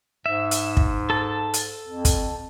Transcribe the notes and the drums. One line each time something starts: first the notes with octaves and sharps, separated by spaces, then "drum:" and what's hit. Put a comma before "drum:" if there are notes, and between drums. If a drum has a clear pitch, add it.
G#2 E5
drum: hi-hat
drum: kick
A4 A5
drum: hi-hat
F2
drum: kick, hi-hat